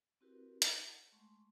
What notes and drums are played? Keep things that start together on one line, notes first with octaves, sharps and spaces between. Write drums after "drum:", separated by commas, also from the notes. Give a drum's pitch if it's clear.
C4 E4 F#4 G4 A#4 B4
F#5, drum: hi-hat
G#3 A3 C6 C#6